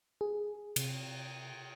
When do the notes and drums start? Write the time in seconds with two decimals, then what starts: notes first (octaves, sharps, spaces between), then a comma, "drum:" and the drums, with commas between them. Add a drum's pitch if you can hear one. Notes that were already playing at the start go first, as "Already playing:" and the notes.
0.21 G#4
0.76 C3, drum: cymbal